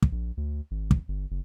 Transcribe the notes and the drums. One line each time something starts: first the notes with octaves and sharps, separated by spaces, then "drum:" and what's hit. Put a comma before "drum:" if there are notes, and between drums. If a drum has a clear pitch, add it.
drum: kick
A#1
D2
G#1
drum: kick
G1
F#1